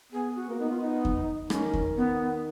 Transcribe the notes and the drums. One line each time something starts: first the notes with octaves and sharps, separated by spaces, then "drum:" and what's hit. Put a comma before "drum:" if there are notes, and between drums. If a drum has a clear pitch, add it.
B3 G#4
F#4
A#3
B3 D#4
F4
D#4
drum: kick E2
D#3 C#4, drum: rim click
drum: kick E2
B3